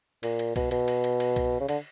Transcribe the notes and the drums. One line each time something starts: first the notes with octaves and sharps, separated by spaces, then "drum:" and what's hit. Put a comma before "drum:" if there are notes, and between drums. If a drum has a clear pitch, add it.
A#2, drum: cymbal
drum: cymbal
B2, drum: kick C2, cymbal
B2, drum: cymbal
drum: cymbal
drum: cymbal
drum: cymbal
drum: kick C2, cymbal
C#3
D3, drum: cymbal